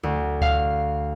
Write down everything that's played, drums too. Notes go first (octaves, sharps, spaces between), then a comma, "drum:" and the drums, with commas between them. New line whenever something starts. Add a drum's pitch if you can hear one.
D2
F5, drum: kick C#2